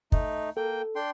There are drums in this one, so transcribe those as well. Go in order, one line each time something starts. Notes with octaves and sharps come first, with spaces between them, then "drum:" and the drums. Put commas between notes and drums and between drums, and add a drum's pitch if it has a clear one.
A3 D#4, drum: kick
A#3 A4 G5
D4 G5 C6